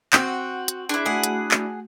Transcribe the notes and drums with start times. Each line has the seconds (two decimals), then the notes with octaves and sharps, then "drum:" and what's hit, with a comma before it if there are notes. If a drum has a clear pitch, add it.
0.13 C4 F#4 F#5 G5, drum: clap
0.68 drum: hi-hat
0.89 D4 E4 G#4
1.06 A3 F#4 G#4 F#5
1.24 drum: hi-hat
1.51 drum: clap